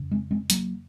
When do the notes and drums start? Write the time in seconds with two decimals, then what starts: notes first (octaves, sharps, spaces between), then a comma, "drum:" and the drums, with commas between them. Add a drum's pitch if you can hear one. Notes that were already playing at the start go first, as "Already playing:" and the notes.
Already playing: F2 C#3
0.11 G#3 C4
0.31 G#3 C4
0.50 F#3 A#3, drum: hi-hat